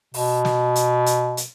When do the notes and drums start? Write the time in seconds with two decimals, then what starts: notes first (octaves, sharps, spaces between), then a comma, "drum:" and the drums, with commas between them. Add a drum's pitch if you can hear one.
0.14 B2, drum: open hi-hat
0.45 drum: snare
0.76 drum: hi-hat
1.06 drum: hi-hat
1.37 drum: hi-hat